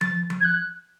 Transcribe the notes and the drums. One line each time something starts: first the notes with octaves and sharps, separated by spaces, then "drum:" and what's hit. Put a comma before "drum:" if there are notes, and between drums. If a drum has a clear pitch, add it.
A6, drum: tom F3
drum: tom F3
G#6
F#6